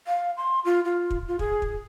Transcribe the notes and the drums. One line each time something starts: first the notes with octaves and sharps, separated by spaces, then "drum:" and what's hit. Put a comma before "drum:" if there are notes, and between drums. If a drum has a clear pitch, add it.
F5
C6
F4
F4
drum: kick
F4
G#4, drum: kick
drum: kick